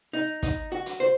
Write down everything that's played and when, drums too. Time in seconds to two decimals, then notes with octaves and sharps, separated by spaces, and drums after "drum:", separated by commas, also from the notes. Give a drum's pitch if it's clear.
0.13 D#4
0.43 D#4, drum: kick, hi-hat
0.72 F#4
0.86 drum: hi-hat
1.00 C5